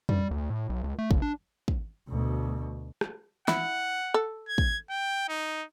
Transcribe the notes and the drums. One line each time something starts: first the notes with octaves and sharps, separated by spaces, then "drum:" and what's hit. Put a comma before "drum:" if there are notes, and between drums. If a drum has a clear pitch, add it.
G3, drum: tom F2
D2
A2
B1
C#2
A3
F#1, drum: kick
D4
drum: kick
D2 B2
drum: rim click
E4 F#5, drum: snare
A4
G#6
drum: kick
G5
D#4